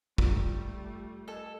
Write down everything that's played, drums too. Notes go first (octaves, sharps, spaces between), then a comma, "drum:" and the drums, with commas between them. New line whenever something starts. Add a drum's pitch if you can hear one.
G3 A3 F4 D5, drum: kick
A4 D#5